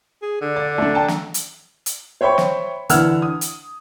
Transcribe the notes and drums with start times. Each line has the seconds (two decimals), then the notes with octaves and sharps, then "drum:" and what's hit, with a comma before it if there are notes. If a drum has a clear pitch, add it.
0.22 G#4
0.41 D3
0.56 D5
0.78 A3 D4
0.94 G5 A5 A#5
1.08 drum: snare
1.34 drum: hi-hat
1.86 drum: hi-hat
2.21 C5 C#5 E5 G5 B5 C#6
2.38 drum: snare
2.89 D3 E3 F#5 E6 F6 G#6, drum: hi-hat
3.22 D#6
3.41 drum: hi-hat